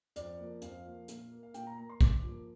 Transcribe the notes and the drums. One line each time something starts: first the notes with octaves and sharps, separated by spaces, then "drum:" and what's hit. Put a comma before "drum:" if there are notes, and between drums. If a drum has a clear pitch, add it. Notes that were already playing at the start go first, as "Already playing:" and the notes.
F2 D5, drum: hi-hat
F3 A#3
F2 F5, drum: hi-hat
F3 A#3
A#2, drum: hi-hat
A#3
F5
A#2 G5, drum: hi-hat
A#5
A#3 A#5
C6
G2 D6, drum: kick, hi-hat
F3 A#3